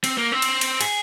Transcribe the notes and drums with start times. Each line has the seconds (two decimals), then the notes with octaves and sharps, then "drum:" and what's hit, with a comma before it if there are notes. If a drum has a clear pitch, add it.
0.04 C4, drum: cymbal
0.18 A#3
0.32 C4
0.42 drum: cymbal
0.61 drum: cymbal
0.81 G#4, drum: cymbal